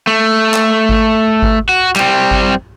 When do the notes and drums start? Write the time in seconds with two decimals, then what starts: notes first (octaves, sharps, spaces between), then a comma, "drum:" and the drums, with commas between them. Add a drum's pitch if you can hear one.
0.07 A3
0.54 drum: clap
0.89 drum: kick G#1
1.42 drum: kick G#1
1.69 F#4
1.96 G3 C4, drum: clap
2.31 drum: kick G#1